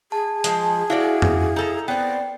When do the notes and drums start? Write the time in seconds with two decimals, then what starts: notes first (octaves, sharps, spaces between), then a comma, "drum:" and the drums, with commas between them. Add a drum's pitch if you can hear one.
0.12 G#4 A5
0.44 F3 G#3, drum: hi-hat
0.90 D4 E4 F#4 D5 E5 F5
1.22 drum: tom F2
1.56 D#4 A4 A#5
1.88 B3 C4 D5 G5